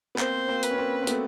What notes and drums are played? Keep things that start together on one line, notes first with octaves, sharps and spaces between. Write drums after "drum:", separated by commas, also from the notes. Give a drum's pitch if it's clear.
B3
A#3 C4 C5, drum: clap
A#3 C4
B4, drum: hi-hat
C#4
A#3 C4
C4
A3 B3, drum: hi-hat